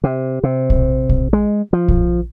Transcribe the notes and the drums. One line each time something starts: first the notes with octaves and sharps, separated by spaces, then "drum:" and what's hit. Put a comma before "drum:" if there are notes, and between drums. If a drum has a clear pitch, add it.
C3
C3
drum: kick A#1
drum: kick A#1
G#3
F3
drum: kick A#1